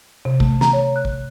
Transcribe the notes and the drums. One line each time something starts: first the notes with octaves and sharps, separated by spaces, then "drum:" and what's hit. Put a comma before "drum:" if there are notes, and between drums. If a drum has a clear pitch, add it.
C3
A3, drum: kick
A#5, drum: snare
C#5
F#6
drum: kick